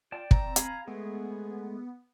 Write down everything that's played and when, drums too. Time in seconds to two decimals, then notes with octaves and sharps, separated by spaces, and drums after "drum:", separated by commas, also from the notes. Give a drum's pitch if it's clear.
0.12 F4 D5 G5 A5
0.31 C4 A#5, drum: kick
0.56 F5 G#5 B5, drum: hi-hat
0.87 G#3 A3 B3 G#4